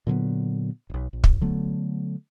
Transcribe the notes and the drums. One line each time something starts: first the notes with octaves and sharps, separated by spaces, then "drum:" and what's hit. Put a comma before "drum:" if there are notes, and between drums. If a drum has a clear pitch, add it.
A#2 D3 F#3 B3
D#1 B1
A#1
drum: kick
D3 F#3 A3 B3